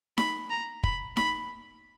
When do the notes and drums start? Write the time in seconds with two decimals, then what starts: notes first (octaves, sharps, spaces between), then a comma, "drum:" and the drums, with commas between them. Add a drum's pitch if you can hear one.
0.18 B5, drum: snare D#4
0.51 A#5
0.83 B5, drum: kick
1.17 B5, drum: snare D#4